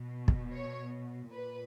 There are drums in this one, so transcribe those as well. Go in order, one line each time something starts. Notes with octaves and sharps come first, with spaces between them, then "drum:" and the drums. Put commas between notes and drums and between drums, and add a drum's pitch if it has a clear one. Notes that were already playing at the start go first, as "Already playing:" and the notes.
Already playing: B2
drum: kick
C#5
A#2 B4